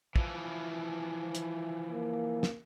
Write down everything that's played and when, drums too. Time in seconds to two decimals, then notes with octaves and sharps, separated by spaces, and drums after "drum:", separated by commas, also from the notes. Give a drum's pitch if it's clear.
0.16 E3 F3, drum: kick
1.35 drum: hi-hat
1.91 A#3
2.43 drum: snare